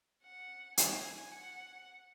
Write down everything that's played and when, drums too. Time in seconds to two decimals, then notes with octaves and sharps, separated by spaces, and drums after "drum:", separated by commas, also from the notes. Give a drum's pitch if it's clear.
0.24 F#5
0.77 G#5, drum: hi-hat
1.32 F#5